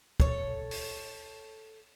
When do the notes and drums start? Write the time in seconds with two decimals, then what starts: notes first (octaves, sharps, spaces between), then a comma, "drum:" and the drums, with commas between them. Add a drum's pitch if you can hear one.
0.20 A4 C#5, drum: kick
0.71 drum: open hi-hat